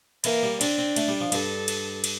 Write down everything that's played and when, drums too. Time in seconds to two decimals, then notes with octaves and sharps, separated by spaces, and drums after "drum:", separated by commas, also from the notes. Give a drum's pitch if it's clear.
0.24 E3 A#3, drum: cymbal
0.43 G3
0.61 C4 D4, drum: cymbal
0.78 C4
0.96 A3, drum: cymbal
1.08 G3
1.21 F3
1.32 G2 A4, drum: cymbal
1.68 drum: cymbal
2.04 drum: cymbal